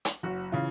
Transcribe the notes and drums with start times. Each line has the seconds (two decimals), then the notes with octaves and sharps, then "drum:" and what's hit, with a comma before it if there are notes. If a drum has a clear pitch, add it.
0.05 drum: hi-hat
0.23 F#1 F#4
0.52 C#3 E3 F4